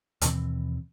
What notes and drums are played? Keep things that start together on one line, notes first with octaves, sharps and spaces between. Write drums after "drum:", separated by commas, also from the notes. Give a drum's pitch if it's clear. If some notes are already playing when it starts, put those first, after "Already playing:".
D#2 B2 E3 C4, drum: hi-hat